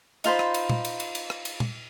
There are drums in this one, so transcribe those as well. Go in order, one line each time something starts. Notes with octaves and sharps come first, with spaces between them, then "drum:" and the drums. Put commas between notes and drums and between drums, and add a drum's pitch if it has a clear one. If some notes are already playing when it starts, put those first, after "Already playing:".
D#4 F4 C5 B5, drum: cymbal
drum: rim click
drum: cymbal
drum: tom
drum: cymbal
drum: cymbal
drum: cymbal
drum: rim click
drum: cymbal
drum: tom